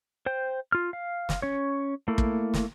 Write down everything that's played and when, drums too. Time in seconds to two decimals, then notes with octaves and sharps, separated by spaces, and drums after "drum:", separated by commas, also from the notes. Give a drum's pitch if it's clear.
0.26 C5 G5
0.72 F4 F6
0.93 F5
1.29 drum: snare
1.42 C#4 C#5
2.08 A3 A#3 E4
2.18 drum: kick
2.54 drum: snare